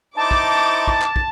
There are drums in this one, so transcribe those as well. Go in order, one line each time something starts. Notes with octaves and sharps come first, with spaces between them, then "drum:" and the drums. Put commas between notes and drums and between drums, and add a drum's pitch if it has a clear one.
D#4 E4 C5 A5 D6
drum: kick
drum: kick
drum: clap
drum: kick